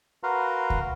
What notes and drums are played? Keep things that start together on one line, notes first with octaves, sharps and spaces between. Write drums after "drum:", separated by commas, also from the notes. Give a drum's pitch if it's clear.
F#4 A#4 B4 F5 A#5 C6
drum: kick C#2